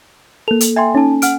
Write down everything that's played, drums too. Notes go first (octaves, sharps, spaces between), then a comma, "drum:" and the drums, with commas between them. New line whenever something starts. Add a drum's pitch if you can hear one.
A#3 A4 F7
drum: hi-hat
E5 G5 G#5 C6
C#4 D#4 A5
F#5 F6 D7, drum: hi-hat